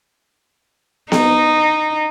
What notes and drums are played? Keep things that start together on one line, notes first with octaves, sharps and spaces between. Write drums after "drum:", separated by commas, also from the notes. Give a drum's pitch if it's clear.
D#4, drum: snare B3